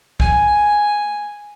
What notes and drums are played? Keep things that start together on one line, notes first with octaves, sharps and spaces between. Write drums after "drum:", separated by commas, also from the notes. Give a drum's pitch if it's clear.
G#5, drum: kick B1